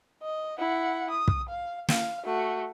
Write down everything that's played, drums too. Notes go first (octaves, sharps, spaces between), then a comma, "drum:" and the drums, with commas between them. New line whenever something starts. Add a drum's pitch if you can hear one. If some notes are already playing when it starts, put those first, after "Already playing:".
D#5
E4 F#5
D#6
drum: kick
F5
F5, drum: snare
A3 F#4